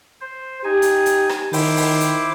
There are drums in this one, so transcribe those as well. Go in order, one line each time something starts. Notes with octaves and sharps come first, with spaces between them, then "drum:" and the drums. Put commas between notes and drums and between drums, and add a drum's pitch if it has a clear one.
C5
D#4 G4 G#5
drum: hi-hat
drum: hi-hat
drum: rim click
D#3 E4 C5 D6, drum: open hi-hat
drum: open hi-hat
drum: hi-hat